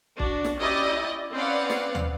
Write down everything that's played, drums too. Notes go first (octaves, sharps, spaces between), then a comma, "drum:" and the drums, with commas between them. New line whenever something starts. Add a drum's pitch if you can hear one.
D4 F#4, drum: kick
drum: snare
C#4 E4 G4 D5 D#5
C4 C#4 B4 D5 F5 F#5
drum: snare
drum: tom